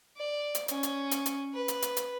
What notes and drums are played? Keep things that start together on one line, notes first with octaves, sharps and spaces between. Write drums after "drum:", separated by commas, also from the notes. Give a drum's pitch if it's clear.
D5
drum: hi-hat
C#4, drum: hi-hat
drum: hi-hat
drum: hi-hat
drum: hi-hat
B4
drum: hi-hat
drum: hi-hat
drum: hi-hat